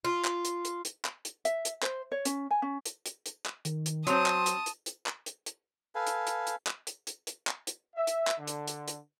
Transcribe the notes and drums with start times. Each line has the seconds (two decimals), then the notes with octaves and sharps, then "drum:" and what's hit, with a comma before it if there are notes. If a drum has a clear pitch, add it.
0.05 F4
0.25 drum: clap
0.45 drum: hi-hat
0.65 drum: hi-hat
0.85 drum: hi-hat
1.05 drum: clap
1.25 drum: hi-hat
1.45 E5, drum: hi-hat
1.65 drum: hi-hat
1.83 C5, drum: clap
2.12 C#5
2.25 C#4, drum: hi-hat
2.51 G#5
2.62 C#4
2.86 drum: hi-hat
3.06 drum: hi-hat
3.26 drum: hi-hat
3.46 drum: clap
3.65 D#3, drum: hi-hat
3.86 drum: hi-hat
4.07 F#3 C4 A5 C6 D#6, drum: hi-hat
4.26 drum: clap
4.46 drum: hi-hat
4.66 drum: hi-hat
4.86 drum: hi-hat
5.06 drum: clap
5.26 drum: hi-hat
5.46 drum: hi-hat
5.95 A4 B4 F5 G#5
6.07 drum: hi-hat
6.27 drum: hi-hat
6.47 drum: hi-hat
6.67 drum: clap
6.87 drum: hi-hat
7.07 drum: hi-hat
7.27 drum: hi-hat
7.47 drum: clap
7.67 drum: hi-hat
7.96 E5
8.07 drum: hi-hat
8.27 drum: clap
8.38 D3
8.47 drum: hi-hat
8.68 drum: hi-hat
8.88 drum: hi-hat